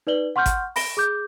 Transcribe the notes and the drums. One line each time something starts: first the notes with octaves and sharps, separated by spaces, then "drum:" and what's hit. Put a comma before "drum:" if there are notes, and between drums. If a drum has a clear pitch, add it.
D#4 B4 D5 F#7 G7
F#5 C6 C#6 F6 G6
drum: kick G#1, hi-hat
B5 A#6 D7 G7, drum: open hi-hat
G#4 D6 G6